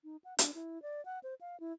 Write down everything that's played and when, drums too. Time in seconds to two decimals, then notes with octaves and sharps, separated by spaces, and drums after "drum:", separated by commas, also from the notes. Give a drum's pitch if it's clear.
0.04 D#4
0.24 F#5
0.39 D4, drum: hi-hat
0.54 E4
0.82 D5
1.05 F#5
1.23 C5
1.41 F5
1.60 E4